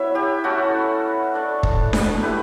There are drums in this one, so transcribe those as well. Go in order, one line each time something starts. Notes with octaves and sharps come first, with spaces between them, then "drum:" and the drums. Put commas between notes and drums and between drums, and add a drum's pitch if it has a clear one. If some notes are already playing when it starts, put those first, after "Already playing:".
Already playing: F#3 B3 E4 B4 C#5 E5
G4
A3 C#4 E4 F#4 A4
A3 D4
drum: kick
drum: snare D4
A3 E4 G4 B4